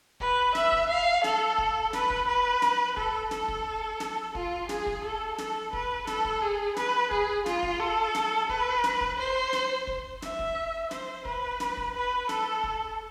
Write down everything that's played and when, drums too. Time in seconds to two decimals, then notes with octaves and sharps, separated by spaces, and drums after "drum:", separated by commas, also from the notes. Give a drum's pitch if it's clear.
0.20 B4, drum: kick
0.55 E5, drum: snare
0.72 drum: kick
0.89 F5
1.24 A4, drum: snare
1.58 drum: kick
1.93 B4, drum: snare
2.10 drum: kick
2.27 B4
2.62 drum: snare
2.97 A4, drum: kick
3.31 A4, drum: snare
3.48 drum: kick
4.00 drum: snare
4.35 F4, drum: kick
4.69 G#4, drum: snare
4.86 drum: kick
5.04 A4
5.38 A4, drum: snare
5.73 B4, drum: kick
6.07 A4, drum: snare
6.25 drum: kick
6.42 G#4
6.76 B4, drum: snare
7.11 G#4, drum: kick
7.46 F4, drum: snare
7.63 drum: kick
7.80 A4
8.15 drum: snare
8.49 B4, drum: kick
8.84 drum: snare
9.01 drum: kick
9.18 C5
9.53 drum: snare
9.87 drum: kick
10.22 E5, drum: snare
10.39 drum: kick
10.91 C5, drum: snare
11.25 B4, drum: kick
11.60 drum: snare
11.77 drum: kick
11.95 B4
12.29 A4, drum: snare
12.64 drum: kick